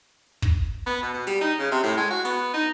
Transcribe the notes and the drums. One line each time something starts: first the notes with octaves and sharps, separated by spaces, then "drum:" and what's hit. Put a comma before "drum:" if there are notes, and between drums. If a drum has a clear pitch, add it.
drum: kick
B3
B2
B2
G3, drum: open hi-hat
D#4
C#3
C3
A2
G#3
F#4
B3, drum: open hi-hat
D#4